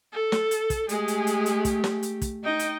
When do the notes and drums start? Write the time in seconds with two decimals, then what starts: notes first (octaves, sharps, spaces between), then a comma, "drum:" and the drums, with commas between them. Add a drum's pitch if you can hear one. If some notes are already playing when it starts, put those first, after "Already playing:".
0.12 A4
0.32 drum: snare
0.51 drum: hi-hat
0.70 drum: kick, hi-hat
0.89 G#3 A3 G4 G#4, drum: hi-hat
1.08 drum: hi-hat
1.27 drum: hi-hat
1.46 drum: hi-hat
1.65 drum: kick, hi-hat
1.84 drum: snare
2.03 drum: hi-hat
2.22 drum: kick, hi-hat
2.44 D#4 D#5 G5
2.59 drum: hi-hat